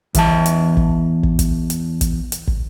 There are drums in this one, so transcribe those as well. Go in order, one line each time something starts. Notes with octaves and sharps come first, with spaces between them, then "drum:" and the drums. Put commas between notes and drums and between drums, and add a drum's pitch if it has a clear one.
E2 E3 A5, drum: kick, hi-hat
drum: hi-hat
drum: kick
drum: kick
drum: kick, hi-hat
drum: hi-hat
drum: kick, hi-hat
drum: hi-hat
drum: kick